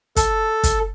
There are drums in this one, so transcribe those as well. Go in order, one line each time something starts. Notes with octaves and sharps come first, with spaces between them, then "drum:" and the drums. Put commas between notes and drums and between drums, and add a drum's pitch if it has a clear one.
A4, drum: kick, hi-hat
drum: kick, hi-hat